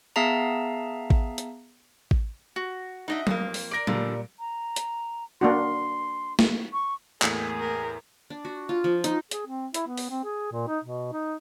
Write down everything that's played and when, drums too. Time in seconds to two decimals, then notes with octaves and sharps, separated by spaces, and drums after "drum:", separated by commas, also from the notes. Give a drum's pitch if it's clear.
0.16 B3 G#4 E5 F5 A5 A#5
1.10 drum: kick A1
1.38 drum: hi-hat
2.11 drum: kick A1
2.56 F#4
3.08 D4 D#4 F#4 D#5 E5
3.27 F2 A#3 D#6, drum: tom F#3
3.54 drum: open hi-hat
3.71 A#4 D5 A#6 D7
3.87 A#2 D3 F3 G3, drum: tom F#3
4.39 A#5
4.76 drum: hi-hat
5.41 A#3 D4 F#4 C6
6.39 drum: snare
6.73 C#6
7.22 E2 A2 A3 A#3 G#4 A4 B6, drum: clap
7.60 A#4
8.30 D4
8.45 F#4
8.69 F4
8.84 F3
9.04 D#4, drum: hi-hat
9.31 G#4, drum: hi-hat
9.46 C4
9.74 E4, drum: hi-hat
9.87 B3
9.97 drum: open hi-hat
10.10 C4
10.24 G#4
10.52 A#2
10.68 D#4
10.84 B2
11.12 D#4